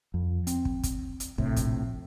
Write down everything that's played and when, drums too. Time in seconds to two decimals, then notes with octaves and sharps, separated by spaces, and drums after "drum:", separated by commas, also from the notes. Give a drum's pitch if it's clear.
0.14 F2
0.47 C4, drum: hi-hat
0.65 drum: kick
0.83 drum: kick, hi-hat
1.20 drum: hi-hat
1.38 A#1 A2 C3, drum: kick
1.56 drum: kick, hi-hat